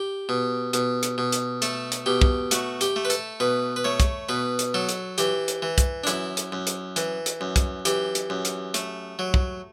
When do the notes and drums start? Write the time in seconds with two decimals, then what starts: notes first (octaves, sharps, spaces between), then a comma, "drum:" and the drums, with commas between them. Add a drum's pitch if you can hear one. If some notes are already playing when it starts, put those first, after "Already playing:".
Already playing: G4
0.29 B2
0.73 B2, drum: hi-hat
1.03 drum: hi-hat
1.18 B2
1.32 drum: hi-hat
1.62 A3 A4, drum: hi-hat
1.92 drum: hi-hat
2.06 B2 G4
2.21 drum: kick
2.51 A3 F#4, drum: hi-hat
2.81 G4, drum: hi-hat
2.96 A3
3.05 B4
3.10 A4, drum: hi-hat
3.40 B2 B4
3.76 B4
3.84 A3 C#5
4.00 drum: kick, hi-hat
4.29 B2 B4
4.59 drum: hi-hat
4.74 F#3 A4
4.89 drum: hi-hat
5.18 E3 G4, drum: hi-hat
5.48 drum: hi-hat
5.62 E3
5.78 drum: kick, hi-hat
6.04 D4
6.07 F#2 E4, drum: hi-hat
6.37 drum: hi-hat
6.52 F#2
6.67 drum: hi-hat
6.96 E3, drum: hi-hat
7.26 drum: hi-hat
7.41 F#2
7.56 drum: kick, hi-hat
7.85 E3 G4, drum: hi-hat
8.15 drum: hi-hat
8.30 F#2
8.45 drum: hi-hat
8.74 A3, drum: hi-hat
9.19 F#3
9.34 drum: kick